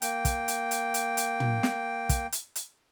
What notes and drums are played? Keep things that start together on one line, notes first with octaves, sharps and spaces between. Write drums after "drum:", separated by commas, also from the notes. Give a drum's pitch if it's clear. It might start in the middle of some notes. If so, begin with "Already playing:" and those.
A#3 G5, drum: hi-hat
drum: kick, hi-hat
drum: hi-hat
drum: hi-hat
drum: hi-hat
drum: hi-hat
drum: tom
drum: snare
drum: kick, hi-hat
drum: hi-hat
drum: hi-hat